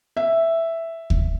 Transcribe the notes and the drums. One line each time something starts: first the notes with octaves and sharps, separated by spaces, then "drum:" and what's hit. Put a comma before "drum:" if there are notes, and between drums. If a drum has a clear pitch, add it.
E5
drum: kick D2